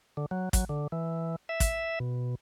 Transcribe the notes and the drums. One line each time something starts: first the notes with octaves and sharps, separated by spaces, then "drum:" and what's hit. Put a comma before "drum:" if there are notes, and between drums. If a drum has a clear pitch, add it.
D3
F#3
F#3, drum: kick, hi-hat
D3
E3
E5
drum: kick, hi-hat
B2